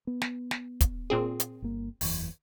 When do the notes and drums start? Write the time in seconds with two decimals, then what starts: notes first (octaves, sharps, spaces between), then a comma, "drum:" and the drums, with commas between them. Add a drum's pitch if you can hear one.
0.07 B3
0.21 drum: snare
0.51 drum: snare
0.81 drum: kick, hi-hat
1.10 A#2 C4 G#4
1.40 drum: hi-hat
1.62 G1 A#3
2.01 F#1 E2 E3, drum: open hi-hat